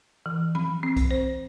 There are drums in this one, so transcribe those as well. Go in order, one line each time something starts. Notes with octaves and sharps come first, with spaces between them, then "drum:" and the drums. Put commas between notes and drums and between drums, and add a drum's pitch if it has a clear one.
E3
B5, drum: tom F3
C4
drum: kick B1, hi-hat
C5